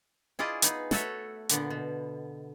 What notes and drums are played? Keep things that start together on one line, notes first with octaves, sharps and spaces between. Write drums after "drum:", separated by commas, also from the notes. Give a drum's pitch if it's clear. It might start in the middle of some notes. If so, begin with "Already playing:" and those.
E4 F4 G#4 D5 D#5
B3 D#4 G#4, drum: hi-hat
A3 F#4 A4 C#5 E5, drum: snare
A#2 D3 B3, drum: hi-hat
B2